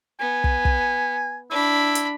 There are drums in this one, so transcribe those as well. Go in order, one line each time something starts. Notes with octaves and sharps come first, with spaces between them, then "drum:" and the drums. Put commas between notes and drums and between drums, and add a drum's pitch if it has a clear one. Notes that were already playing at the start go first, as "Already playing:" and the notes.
B3 G#5
drum: kick
drum: kick
D4 E4 B5
drum: hi-hat